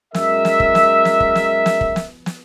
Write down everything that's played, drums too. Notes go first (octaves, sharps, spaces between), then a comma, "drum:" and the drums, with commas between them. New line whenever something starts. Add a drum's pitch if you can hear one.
F#2 G#3 A#4 E5, drum: snare
drum: snare
drum: kick
drum: snare
drum: snare
drum: kick
drum: snare
drum: snare
drum: kick
drum: snare
drum: snare